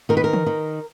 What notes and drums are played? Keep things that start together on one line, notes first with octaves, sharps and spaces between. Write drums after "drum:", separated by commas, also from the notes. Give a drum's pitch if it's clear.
D#3 A#4
B4
A#4
drum: tom D#3
D#3